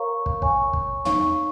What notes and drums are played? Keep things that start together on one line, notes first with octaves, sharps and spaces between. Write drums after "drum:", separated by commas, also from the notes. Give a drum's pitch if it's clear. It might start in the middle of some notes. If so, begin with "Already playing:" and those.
Already playing: A#4 C#5 F5 A#5 C#6
drum: kick
C#5 G#5 C#6, drum: kick
drum: kick
D#4 C#5 F5 C#6, drum: tom